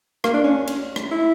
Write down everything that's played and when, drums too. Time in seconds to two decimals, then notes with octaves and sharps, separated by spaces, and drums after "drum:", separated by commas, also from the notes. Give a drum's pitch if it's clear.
0.24 A#3, drum: rim click
0.34 D4
0.44 C#4
0.67 drum: cymbal
0.96 drum: rim click
1.11 E4